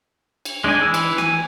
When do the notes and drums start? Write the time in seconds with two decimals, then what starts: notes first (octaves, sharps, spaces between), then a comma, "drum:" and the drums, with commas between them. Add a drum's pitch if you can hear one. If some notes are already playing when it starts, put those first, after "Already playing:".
0.45 drum: cymbal
0.64 G#3 D4 D#4 G#5
0.81 E3 E6
0.94 drum: cymbal
1.18 G#5, drum: rim click